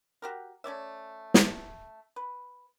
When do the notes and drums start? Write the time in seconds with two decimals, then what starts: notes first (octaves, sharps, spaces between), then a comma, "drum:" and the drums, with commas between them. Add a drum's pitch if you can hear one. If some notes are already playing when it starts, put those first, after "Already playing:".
0.22 F#4 G4 A#4
0.64 A3 C#4 D5 E5
1.34 drum: snare
2.16 B4